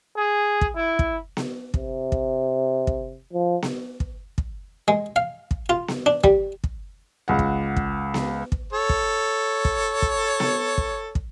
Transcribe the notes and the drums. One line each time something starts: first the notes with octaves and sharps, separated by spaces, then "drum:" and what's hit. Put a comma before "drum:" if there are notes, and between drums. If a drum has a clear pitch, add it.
G#4
drum: kick
E4
drum: kick
drum: snare B3
C3, drum: kick
drum: kick
drum: kick
F3
drum: snare B3
drum: kick
drum: kick
G#3
F5
drum: kick
F4
drum: snare B3
D4
G3, drum: kick
drum: kick
C#2 F#5
drum: kick
drum: kick
drum: snare B3
drum: kick
A4 C#5
drum: kick
drum: kick
drum: kick
drum: snare B3
drum: kick
drum: kick